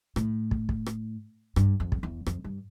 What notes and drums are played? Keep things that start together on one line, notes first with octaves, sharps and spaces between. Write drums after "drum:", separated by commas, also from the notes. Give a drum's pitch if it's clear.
A2, drum: rim click
drum: kick
drum: kick
drum: rim click
G2, drum: rim click
F2
drum: kick
E2
F2, drum: rim click
G2